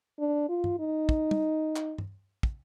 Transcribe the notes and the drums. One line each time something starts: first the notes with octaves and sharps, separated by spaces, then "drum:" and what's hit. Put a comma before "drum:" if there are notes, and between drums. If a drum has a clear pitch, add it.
D4
F4
drum: tom
D#4
drum: kick
drum: tom
drum: clap
drum: tom
drum: kick